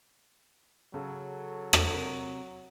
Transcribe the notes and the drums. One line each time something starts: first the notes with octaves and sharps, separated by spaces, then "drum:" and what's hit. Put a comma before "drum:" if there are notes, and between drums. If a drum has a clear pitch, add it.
C#3 F#3 A4
drum: rim click
C3 A#4